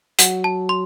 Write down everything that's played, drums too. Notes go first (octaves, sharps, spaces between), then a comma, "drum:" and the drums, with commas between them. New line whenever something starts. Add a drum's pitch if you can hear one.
F#3 F#5, drum: hi-hat
A5
C6